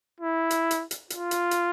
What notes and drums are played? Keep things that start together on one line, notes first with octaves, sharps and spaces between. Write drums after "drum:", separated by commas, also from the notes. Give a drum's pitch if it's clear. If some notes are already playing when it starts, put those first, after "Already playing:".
E4
drum: hi-hat
drum: hi-hat
drum: hi-hat
F4, drum: hi-hat
drum: hi-hat
drum: hi-hat